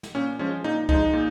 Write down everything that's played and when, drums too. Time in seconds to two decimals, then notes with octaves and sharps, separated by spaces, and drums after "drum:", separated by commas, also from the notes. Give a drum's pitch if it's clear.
0.03 drum: snare
0.15 A#2 C#4
0.39 F3 G#3 C#4
0.64 A#2 D#4
0.89 F3 G#3 D#4, drum: kick
1.13 A#2